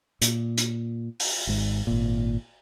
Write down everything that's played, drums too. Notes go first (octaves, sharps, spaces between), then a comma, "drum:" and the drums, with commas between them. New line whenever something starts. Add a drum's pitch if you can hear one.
A#2, drum: hi-hat
drum: hi-hat
drum: open hi-hat
G#1 G#2
G#1 A#2